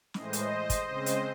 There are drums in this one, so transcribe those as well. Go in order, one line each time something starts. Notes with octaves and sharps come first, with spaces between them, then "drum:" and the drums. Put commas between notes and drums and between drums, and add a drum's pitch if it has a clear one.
A2 E3 G#3 C5 D#5, drum: snare
drum: hi-hat
drum: kick, hi-hat
C#3 G#3 C4 C5 D#5
drum: hi-hat